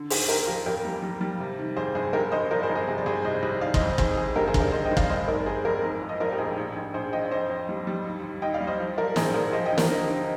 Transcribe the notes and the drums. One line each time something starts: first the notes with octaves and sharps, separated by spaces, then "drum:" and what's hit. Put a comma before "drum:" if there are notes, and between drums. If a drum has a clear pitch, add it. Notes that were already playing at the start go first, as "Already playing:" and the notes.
Already playing: D3
D#2 G#4 C5, drum: open hi-hat
D#2 G4 A#4
F3 G4
F2 G4 A#4
G3
G3
G3
C3
D#3
F2 G#4 C5
G1 G#4
G2 G4 A#4
G1 C5 D#5
F3 A#4 D5
G#4 C5
G1
G#4
C3 G#4
D5
C3 G#4 C5
C2 C5 D#5
C2
D#3 D5 F5
C5 D#5, drum: kick
F2
D#3 G#4 C5, drum: kick
D#3 G#4
G2 G4 A#4
G#4 C5
D3, drum: kick
A#4 D5
D3 C5 D#5
D#5 G5
G1
D5 F5, drum: kick
F1 C5 D#5
D#3 A#4 D5
F1 G#4 C5
F2 A#4 D5
G#2
F3
D#5
F3 A#4 D5
G4
A#1 G#4
A#1
A#1
A#1 G#4 C5
F3 D#5 G5
D5
F2 C5 D#5
F2
G3
G3
D#2
D#2
D#2 D#5 G5
D5 F5
G3
C5 D#5
F3
F3 A#4 D5
A#1 G#4 C5, drum: snare
A#1 A#4 D5
F3 C5 D#5
D#5 G5
D2
G4 A#4, drum: snare
D3
D3